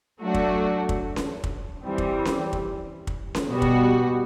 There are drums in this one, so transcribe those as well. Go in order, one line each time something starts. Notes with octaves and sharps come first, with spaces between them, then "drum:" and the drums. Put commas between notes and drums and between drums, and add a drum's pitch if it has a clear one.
F#3 A3 D4 F#4
drum: kick
drum: kick
drum: snare C#4
drum: kick
E3 G3 C4
drum: kick
drum: snare C#4
drum: kick
drum: kick
drum: snare C#4
B2 G3 B3 F#4
drum: kick